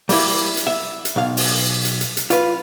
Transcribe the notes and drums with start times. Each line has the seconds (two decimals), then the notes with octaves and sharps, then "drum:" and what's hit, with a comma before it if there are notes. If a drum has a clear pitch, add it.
0.09 G3 A#3 E4, drum: open hi-hat
0.57 drum: hi-hat
0.67 E5
1.05 drum: hi-hat
1.16 B1 F5
1.37 drum: open hi-hat
1.85 drum: hi-hat
2.01 drum: hi-hat
2.17 drum: hi-hat
2.30 F4 B4, drum: hi-hat